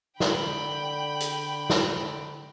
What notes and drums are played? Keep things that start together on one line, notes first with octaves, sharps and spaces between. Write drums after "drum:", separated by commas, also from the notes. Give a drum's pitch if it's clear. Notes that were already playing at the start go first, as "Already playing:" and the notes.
D3 G5 B5, drum: snare
drum: hi-hat
drum: snare